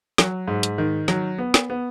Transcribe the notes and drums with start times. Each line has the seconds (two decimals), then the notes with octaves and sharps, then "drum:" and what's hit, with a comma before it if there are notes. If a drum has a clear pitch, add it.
0.18 F#3, drum: snare
0.48 G#2
0.63 drum: hi-hat
0.78 D#3
1.08 F#3, drum: snare
1.38 B3
1.54 drum: snare
1.70 B3